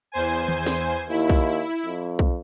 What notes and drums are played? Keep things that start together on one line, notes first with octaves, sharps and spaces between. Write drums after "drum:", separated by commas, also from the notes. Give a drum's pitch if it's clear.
E2 C5 G#5
drum: tom D#3
drum: snare
D#2 E4
drum: kick
F2
drum: kick